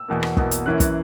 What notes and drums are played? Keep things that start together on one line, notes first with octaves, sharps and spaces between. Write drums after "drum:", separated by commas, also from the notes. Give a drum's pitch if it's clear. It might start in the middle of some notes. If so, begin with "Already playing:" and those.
Already playing: E6
E2 B2 A#3
drum: rim click
E2 B2 A#3, drum: kick
drum: hi-hat
F#2 E3 A#3 C#4 F#6
drum: kick, hi-hat